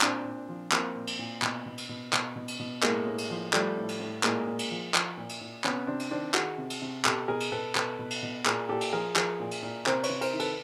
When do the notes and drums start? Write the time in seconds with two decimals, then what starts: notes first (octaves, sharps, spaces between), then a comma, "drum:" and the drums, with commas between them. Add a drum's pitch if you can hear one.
0.01 A#2 C4 D4, drum: clap
0.25 A#2
0.49 F3
0.72 F3 A#3 C4, drum: clap
0.95 A#2
1.07 drum: cymbal
1.19 A#2
1.42 B2, drum: clap
1.66 B2
1.78 drum: cymbal
1.89 B2
2.13 B2, drum: clap
2.36 B2
2.48 drum: cymbal
2.60 B2
2.83 A2 G#3 A#3, drum: clap
3.06 A2
3.18 drum: cymbal
3.30 F3
3.53 F3 G3 A3, drum: clap
3.77 A2
3.89 drum: cymbal
4.00 A2
4.24 A#2 G#3 A#3, drum: clap
4.47 A#2
4.59 drum: cymbal
4.71 F3
4.94 F3, drum: clap
5.18 A#2
5.29 drum: cymbal
5.41 A#2
5.64 C3 B3 C#4, drum: clap
5.87 C3 C4 D4
6.00 drum: cymbal
6.11 D#3 C4 D4
6.34 D#3 F#4 G#4, drum: clap
6.58 C3
6.70 drum: cymbal
6.82 C3
7.05 B2 G4 A4, drum: clap
7.28 B2 G#4 A#4
7.40 drum: cymbal
7.52 B2 A4 B4
7.75 B2 A4 B4, drum: clap
7.99 B2
8.11 drum: cymbal
8.23 B2
8.46 A#2 G#4 A#4, drum: clap
8.69 A#2 G4 A4
8.81 drum: cymbal
8.93 F3 G#4 A#4
9.16 F3 G#4 A#4, drum: clap
9.40 A#2
9.51 drum: cymbal
9.63 A#2
9.86 C3 A#4 C5, drum: clap
10.03 B4 C#5, drum: cymbal
10.10 C3
10.21 A#4 C5, drum: cymbal
10.33 D#3
10.39 A4 B4, drum: cymbal